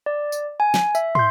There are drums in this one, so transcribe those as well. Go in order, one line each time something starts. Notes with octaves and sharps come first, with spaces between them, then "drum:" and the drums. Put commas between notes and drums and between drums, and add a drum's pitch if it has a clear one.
D5
drum: tambourine
G#5
drum: snare
E5, drum: tambourine
C6 G6, drum: tom